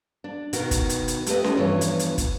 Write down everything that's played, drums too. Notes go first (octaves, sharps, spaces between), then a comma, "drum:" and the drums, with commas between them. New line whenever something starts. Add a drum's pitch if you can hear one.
D4
B2 D#3 B3 F#4 A#4, drum: hi-hat
drum: kick, hi-hat
drum: hi-hat
drum: hi-hat
A3 G4 A#4 B4 D#5, drum: hi-hat
drum: snare C#4
E2 G2 E3 F3 C#5
drum: hi-hat
drum: hi-hat
drum: kick, hi-hat